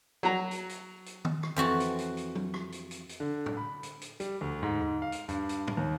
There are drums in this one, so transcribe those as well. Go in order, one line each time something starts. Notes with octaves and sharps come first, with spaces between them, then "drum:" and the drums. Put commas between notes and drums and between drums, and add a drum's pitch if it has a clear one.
F#3 A#5
drum: hi-hat
drum: hi-hat
drum: hi-hat
drum: tom D#3
drum: rim click
F2 E3 F#4 A5
drum: hi-hat
drum: hi-hat
drum: hi-hat
drum: tom F#3
drum: rim click
drum: hi-hat
drum: hi-hat
drum: hi-hat
D3
drum: tom A2
B5
drum: hi-hat
drum: hi-hat
G3, drum: hi-hat
D2
G#2
G#2
F5
drum: hi-hat
G2, drum: hi-hat
drum: hi-hat
drum: tom
D#2